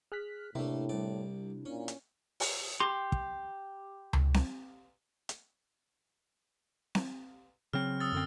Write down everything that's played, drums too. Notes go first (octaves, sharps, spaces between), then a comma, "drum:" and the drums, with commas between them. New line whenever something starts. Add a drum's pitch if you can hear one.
G#4 F6 F#6 B6
A2 C3 A3 A#3 D4 E4
C2 D5
A#2 C#4
drum: hi-hat
drum: open hi-hat
G4 C6
drum: kick
drum: tom C#2
drum: snare C4
drum: hi-hat
drum: snare C4
C#3 F#3 C4 F6
D#6 E6 A6
F#2 D3 C4